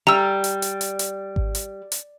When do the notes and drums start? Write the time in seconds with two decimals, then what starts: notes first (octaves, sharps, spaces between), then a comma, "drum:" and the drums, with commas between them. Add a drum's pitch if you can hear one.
0.07 G3 A#5 E6
0.44 drum: hi-hat
0.62 drum: hi-hat
0.81 drum: hi-hat
0.99 drum: hi-hat
1.36 drum: kick G#1
1.55 drum: hi-hat
1.92 drum: hi-hat